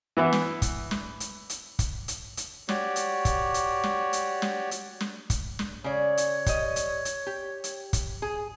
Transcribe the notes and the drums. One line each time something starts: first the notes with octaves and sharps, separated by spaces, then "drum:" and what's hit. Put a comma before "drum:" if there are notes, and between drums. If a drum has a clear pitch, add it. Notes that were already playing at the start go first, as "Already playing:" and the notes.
E3 B3 E4
drum: snare
drum: kick, hi-hat
drum: snare
drum: hi-hat
drum: hi-hat
drum: kick, hi-hat
drum: hi-hat
drum: hi-hat
F#4 G4 C#5 D5, drum: snare
drum: hi-hat
drum: kick, hi-hat
drum: hi-hat
drum: snare
drum: hi-hat
drum: snare
drum: hi-hat
drum: snare
drum: kick, hi-hat
drum: snare
C#3 C#5 D5
drum: hi-hat
G3 D#5, drum: kick, hi-hat
drum: hi-hat
drum: hi-hat
G4
drum: hi-hat
drum: kick, hi-hat
G#4